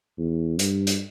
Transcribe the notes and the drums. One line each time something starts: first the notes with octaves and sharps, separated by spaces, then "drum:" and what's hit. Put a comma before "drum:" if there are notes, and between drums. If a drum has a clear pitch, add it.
E2
G2, drum: hi-hat
drum: hi-hat